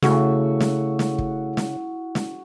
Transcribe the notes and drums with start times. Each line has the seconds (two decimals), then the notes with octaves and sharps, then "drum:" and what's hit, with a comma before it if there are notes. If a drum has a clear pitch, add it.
0.02 C#3 A3 E4 F#4, drum: snare
0.60 drum: snare
0.99 drum: snare
1.18 drum: kick
1.57 drum: snare
2.15 drum: snare